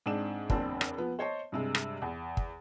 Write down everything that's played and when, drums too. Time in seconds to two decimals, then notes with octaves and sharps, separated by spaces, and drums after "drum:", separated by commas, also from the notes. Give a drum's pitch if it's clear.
0.06 G#2 C4 D4 E7
0.50 F#1 E2 C4 D4 A5, drum: kick
0.81 drum: rim click
0.97 F3 B3
1.19 C5 C#5 D#5 A5
1.52 G2 C3 G#3
1.75 drum: rim click
2.02 E2
2.37 drum: kick